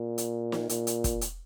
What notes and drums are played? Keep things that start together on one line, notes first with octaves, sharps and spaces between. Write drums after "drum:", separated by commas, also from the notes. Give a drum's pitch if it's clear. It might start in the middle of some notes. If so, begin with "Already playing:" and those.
Already playing: A#2
drum: hi-hat
drum: snare
A#2, drum: hi-hat
drum: hi-hat
drum: kick, hi-hat
drum: hi-hat